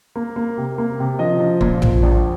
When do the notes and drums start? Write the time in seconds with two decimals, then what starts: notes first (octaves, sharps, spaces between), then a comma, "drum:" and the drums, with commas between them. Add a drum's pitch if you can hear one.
0.16 A#3
0.36 A#3
0.57 C3
0.78 A#3
0.99 C3
1.19 F3 D#5
1.40 F3
1.61 A#2, drum: kick
1.82 F3, drum: tom A#1
2.03 A#1